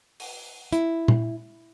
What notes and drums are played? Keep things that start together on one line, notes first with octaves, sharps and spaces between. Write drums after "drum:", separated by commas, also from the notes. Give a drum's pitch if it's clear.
drum: open hi-hat
E4, drum: hi-hat
drum: tom A#2